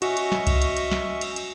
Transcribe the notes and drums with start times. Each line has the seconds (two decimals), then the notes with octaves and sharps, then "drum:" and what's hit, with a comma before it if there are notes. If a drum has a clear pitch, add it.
0.02 C#4 F#4 D#5 E5 C#6, drum: cymbal
0.17 drum: cymbal
0.32 drum: snare
0.47 drum: kick C2, cymbal
0.62 drum: cymbal
0.77 drum: cymbal
0.92 drum: snare
1.21 drum: cymbal
1.36 drum: cymbal